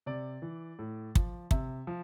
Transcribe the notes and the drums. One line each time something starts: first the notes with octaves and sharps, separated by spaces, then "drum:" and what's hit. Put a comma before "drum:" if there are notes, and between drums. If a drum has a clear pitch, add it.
C3 D5
E3
A2
F3, drum: kick
C3 E5, drum: kick
F3